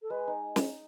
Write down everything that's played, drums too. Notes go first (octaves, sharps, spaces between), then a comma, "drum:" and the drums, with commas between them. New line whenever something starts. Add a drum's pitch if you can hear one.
A4
G#3 B4
D#4
drum: snare